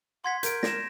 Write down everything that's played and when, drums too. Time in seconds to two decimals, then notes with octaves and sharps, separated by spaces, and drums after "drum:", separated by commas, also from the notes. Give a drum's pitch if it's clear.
0.24 F#5 C6 G#6 B6
0.43 A#4 G6 D7, drum: hi-hat
0.63 A#6 E7, drum: snare